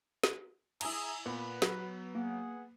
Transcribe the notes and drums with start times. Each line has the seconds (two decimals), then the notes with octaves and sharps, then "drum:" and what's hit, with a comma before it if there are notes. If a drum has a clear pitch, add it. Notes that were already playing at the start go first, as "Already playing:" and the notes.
0.24 drum: snare
0.81 E4 G#4 G#5 A#5, drum: cymbal
1.26 A#2 B3 B4
1.62 F#3, drum: snare
2.15 A#3 G#4 F#5